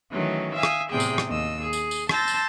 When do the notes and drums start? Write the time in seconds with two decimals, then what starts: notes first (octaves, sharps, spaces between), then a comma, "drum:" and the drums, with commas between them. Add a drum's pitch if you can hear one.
0.12 D#3 E3 F#3 A3 C#4
0.54 E5 F5 G#5 D#6
0.63 drum: rim click
0.90 E2 A2 C3 G#4 G5
1.00 drum: tambourine
1.18 drum: rim click
1.28 D#2 D#5 E6
1.63 G#4
1.73 drum: tambourine
1.91 drum: tambourine
2.09 A5 C6 E6 G6 A6 A#6, drum: rim click
2.28 drum: tambourine